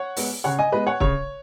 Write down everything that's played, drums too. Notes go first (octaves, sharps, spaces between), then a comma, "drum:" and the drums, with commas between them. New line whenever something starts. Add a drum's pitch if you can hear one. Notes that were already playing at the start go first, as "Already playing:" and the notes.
Already playing: C#5 F#5
G#3 B3, drum: open hi-hat
C#3 C#5 F#5
D#5 G#5
G#3 B3 B4 D#5
C#5 F#5
C#3 C#5, drum: kick